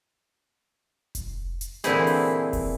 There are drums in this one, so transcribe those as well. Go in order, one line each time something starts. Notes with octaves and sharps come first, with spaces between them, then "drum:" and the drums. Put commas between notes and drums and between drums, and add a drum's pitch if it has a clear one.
drum: kick F1, hi-hat
drum: hi-hat
A#2 D3 E3 C4 E4 G#4, drum: snare
drum: open hi-hat
drum: kick F1, open hi-hat